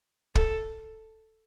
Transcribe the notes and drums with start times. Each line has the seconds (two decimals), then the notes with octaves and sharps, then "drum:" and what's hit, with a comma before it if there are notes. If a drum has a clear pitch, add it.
0.35 A4, drum: kick